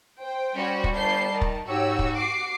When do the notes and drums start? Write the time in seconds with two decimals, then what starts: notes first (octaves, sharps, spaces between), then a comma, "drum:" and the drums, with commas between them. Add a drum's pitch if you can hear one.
0.21 C5 G5
0.55 G3 C#4 F#4
0.84 drum: kick
0.95 G1 A5 G6 C7
1.32 D#3
1.41 drum: kick
1.68 G#2 F#4 G4 C#5 E6
1.99 drum: kick
2.14 D6 C7